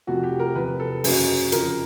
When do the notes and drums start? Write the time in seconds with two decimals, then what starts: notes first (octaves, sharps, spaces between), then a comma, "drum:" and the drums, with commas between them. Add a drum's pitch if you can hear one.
0.07 F2 C3 F3 A3 F#4
0.23 G4
0.39 A#4
0.55 E2 C3 F3 B4
0.80 A4
1.04 F#2 C#3 F#3 A#3 G#4, drum: open hi-hat
1.52 F2 C#3 F3 A#4, drum: hi-hat